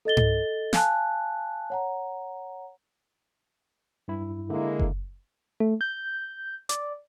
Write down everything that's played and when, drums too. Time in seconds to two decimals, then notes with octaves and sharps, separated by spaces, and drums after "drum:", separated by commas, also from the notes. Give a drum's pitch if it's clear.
0.05 A4 D#5 A6 G7
0.17 drum: tom G#2
0.73 F5 G#5 A5 F#6, drum: snare
1.70 C#5 F#5 A#5
4.08 G2 E4
4.50 D3 G#3 A#3 E4
4.79 drum: kick F#1
5.60 A3
5.81 G6
6.69 D5, drum: hi-hat